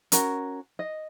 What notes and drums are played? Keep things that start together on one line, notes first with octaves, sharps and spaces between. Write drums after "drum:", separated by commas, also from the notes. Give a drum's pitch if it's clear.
C#4 F#4 A#4, drum: hi-hat
D#5